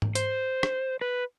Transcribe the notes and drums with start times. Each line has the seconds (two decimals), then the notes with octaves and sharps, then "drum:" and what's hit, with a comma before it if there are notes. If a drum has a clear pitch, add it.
0.02 drum: tom G#2
0.15 C5, drum: hi-hat
0.63 drum: rim click
1.01 B4